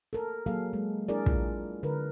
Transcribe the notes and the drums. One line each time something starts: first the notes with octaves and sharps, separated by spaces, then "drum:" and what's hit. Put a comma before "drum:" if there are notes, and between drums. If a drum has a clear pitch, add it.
A4 A#4
F#3 A#3 G#4 A4 F5
G#3
D4 E4 G#4 A#4 D5
F4, drum: kick
D3 A#4 B4